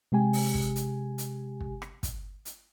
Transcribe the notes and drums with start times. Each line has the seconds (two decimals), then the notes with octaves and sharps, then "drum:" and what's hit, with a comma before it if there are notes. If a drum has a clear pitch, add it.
0.12 C3 G#3 G4 G#5
0.33 drum: open hi-hat
0.54 drum: kick
0.76 drum: hi-hat
1.18 drum: hi-hat
1.60 drum: kick
1.82 drum: rim click
2.03 drum: kick, hi-hat
2.45 drum: hi-hat